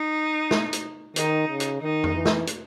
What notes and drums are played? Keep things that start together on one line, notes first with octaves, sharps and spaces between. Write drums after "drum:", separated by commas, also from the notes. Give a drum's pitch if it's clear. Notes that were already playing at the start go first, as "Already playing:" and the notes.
Already playing: D#4
drum: snare
drum: hi-hat
D#3 D#4, drum: hi-hat
C#3
drum: hi-hat
D#3 D#4
drum: tom F2
E3
drum: snare
drum: hi-hat